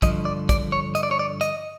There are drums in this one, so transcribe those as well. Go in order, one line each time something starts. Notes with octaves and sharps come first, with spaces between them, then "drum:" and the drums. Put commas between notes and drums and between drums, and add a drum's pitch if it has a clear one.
G2 D3 F3 D#5, drum: kick, hi-hat
D5
D5, drum: kick, hi-hat
C#5
D#5, drum: hi-hat
D5
C#5
D5
D#5, drum: hi-hat